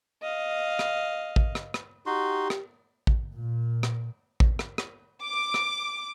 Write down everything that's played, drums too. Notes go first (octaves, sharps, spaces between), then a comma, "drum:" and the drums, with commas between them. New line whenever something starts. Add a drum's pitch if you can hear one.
D#5 F5
drum: rim click
drum: kick A1
drum: rim click
drum: rim click
D#4 F#4 G4 C6
drum: rim click
drum: kick A1
A#2
drum: rim click
drum: kick A1
drum: rim click
drum: rim click
D6
drum: rim click